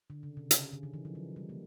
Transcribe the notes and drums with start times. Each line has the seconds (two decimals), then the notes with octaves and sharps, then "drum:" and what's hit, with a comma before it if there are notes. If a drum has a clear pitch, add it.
0.10 D3
0.23 C#3
0.37 C3
0.51 C#3, drum: hi-hat
0.73 D3
0.83 D#3
0.94 E3
1.05 F3
1.15 F#3
1.36 G3
1.49 A#3